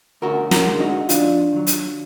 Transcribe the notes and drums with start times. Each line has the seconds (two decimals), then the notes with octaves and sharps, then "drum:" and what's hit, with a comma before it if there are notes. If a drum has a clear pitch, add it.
0.22 D2 F#4 A#4
0.51 F#4 A#4, drum: snare
0.66 D3 G#3
0.80 D#4 F#4
1.09 F2 D4 F4, drum: hi-hat
1.53 D#3 F#3
1.67 drum: hi-hat